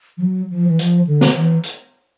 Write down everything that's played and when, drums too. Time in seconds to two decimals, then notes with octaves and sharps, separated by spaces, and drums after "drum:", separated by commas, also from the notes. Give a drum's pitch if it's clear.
0.17 F3
0.22 F#3
0.50 F3
0.67 E3
0.79 F3, drum: hi-hat
1.07 D3
1.21 drum: snare
1.35 E3
1.63 drum: hi-hat